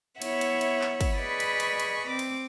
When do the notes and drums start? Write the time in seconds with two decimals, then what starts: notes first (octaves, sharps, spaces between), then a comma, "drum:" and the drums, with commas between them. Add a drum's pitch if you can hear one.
0.22 B3 E4 C#5 E5 F#5, drum: cymbal
0.41 drum: cymbal
0.61 drum: cymbal
0.81 drum: clap
1.01 drum: kick, cymbal
1.17 G#4 B4 D5 D#5 B5 C#6
1.40 drum: cymbal
1.60 drum: cymbal
1.80 drum: cymbal
2.08 C4 D6
2.19 drum: cymbal